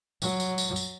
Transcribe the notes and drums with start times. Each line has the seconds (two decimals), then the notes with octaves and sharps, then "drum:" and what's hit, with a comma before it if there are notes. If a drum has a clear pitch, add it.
0.22 F#3, drum: tambourine
0.40 drum: tambourine
0.58 drum: tambourine
0.76 drum: tambourine